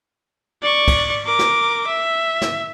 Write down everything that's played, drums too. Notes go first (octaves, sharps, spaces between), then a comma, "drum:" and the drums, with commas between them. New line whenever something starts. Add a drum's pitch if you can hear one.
D5 C#6
drum: kick, cymbal
A#4 D6
drum: snare
E5
drum: snare